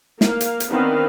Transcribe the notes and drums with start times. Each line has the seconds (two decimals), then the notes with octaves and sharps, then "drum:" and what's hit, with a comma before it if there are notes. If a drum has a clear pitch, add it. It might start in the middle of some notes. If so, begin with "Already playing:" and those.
0.21 A#3 F5, drum: snare
0.41 drum: hi-hat
0.60 drum: hi-hat
0.71 D#3 B3 C4 D4 B4 F5